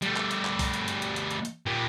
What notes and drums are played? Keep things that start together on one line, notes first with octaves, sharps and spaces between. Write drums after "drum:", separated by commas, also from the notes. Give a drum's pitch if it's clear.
G3 A3, drum: hi-hat
drum: clap
drum: hi-hat
drum: clap
drum: kick, open hi-hat
drum: hi-hat
drum: hi-hat
drum: hi-hat
drum: hi-hat
drum: hi-hat
drum: hi-hat
A#2 G3